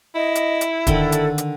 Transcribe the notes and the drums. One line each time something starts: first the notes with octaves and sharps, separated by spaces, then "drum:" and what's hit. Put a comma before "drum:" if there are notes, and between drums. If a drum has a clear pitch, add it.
E4 D#5
drum: hi-hat
drum: hi-hat
D3 D#3 A4 G5, drum: kick, hi-hat
drum: hi-hat
drum: hi-hat